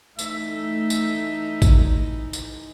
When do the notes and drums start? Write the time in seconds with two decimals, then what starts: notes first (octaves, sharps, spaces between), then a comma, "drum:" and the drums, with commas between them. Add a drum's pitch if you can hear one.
0.19 E3 A3 D#4 E5, drum: tambourine
0.90 drum: tambourine
1.62 drum: kick, tambourine
2.33 drum: tambourine